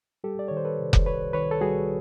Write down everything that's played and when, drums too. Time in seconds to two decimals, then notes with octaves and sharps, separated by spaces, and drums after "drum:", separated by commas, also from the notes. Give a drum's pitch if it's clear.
0.24 G3 G4 A4
0.39 D5
0.48 D#3 C#5
0.57 C5
0.65 A4 B4
0.78 C3
0.93 drum: kick F1
1.06 C2 B4 C#5
1.33 D#3 B4 C#5
1.51 A4
1.61 G3 F#4 G#4